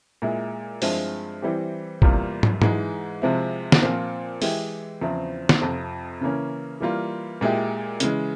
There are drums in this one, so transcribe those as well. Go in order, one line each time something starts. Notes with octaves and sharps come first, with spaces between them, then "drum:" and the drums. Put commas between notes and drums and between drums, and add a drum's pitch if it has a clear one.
A#2 G#3 E4
G2 F3 G#3 C4 E4, drum: open hi-hat
E3 G3 C4 E4 G4
E2 C3 G3 A#3 F4, drum: kick
drum: tom
G#2 E3 G#3, drum: tom
C3 F3 G#3 C4 E4
drum: snare
A#2 F3 C4 F4
E3 G#3 E4 G4, drum: open hi-hat
E2 C#3 F3 C4 E4
drum: snare
F2 C3 F3
C#3 E3 A#3 C#4
E3 G3 A#3 F4
A#2 G#3 E4 G4
C#3 E3 G#3, drum: hi-hat